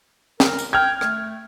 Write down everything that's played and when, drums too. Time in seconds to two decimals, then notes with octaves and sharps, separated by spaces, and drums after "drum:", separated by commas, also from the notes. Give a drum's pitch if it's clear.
0.40 A#4, drum: snare
0.59 drum: tambourine
0.73 G5 F6 G#6
1.01 A3, drum: rim click